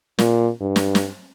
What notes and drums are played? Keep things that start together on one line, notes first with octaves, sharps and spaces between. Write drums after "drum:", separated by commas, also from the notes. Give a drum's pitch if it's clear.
A#2, drum: snare
G2
drum: snare
drum: snare